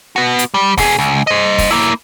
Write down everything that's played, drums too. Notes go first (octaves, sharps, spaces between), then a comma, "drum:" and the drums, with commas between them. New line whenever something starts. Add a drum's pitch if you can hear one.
B3 F#4
drum: hi-hat
G3
B2 G#4, drum: kick, open hi-hat
C#2
C5 D#5
drum: kick, open hi-hat
A#3 E4